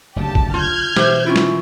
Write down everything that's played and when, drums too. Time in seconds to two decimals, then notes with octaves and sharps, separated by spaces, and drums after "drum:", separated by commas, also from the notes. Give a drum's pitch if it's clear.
0.16 F#1 D2 C#3 G4 A5
0.35 drum: kick A1
0.54 F4 F6 G6 G#6
0.97 B2 E3 G4 C5 E5, drum: snare
1.26 C#4 E4 F4
1.36 drum: snare